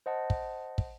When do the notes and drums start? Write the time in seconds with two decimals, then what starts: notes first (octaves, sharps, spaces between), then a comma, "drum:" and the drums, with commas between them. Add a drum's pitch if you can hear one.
0.06 C5 D#5 F#5 A5
0.30 drum: kick
0.78 drum: kick